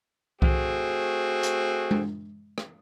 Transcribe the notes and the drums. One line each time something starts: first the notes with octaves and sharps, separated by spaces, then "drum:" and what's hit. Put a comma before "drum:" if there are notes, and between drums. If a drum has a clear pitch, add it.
A3 C4 F#4 G#4, drum: kick C2
drum: hi-hat
drum: tom G#3
drum: rim click